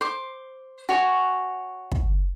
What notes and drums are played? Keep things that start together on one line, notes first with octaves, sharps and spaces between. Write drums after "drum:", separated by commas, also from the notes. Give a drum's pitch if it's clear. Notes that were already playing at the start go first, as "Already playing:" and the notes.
C5 D6
F#4 C#5 G#5 C#6
drum: kick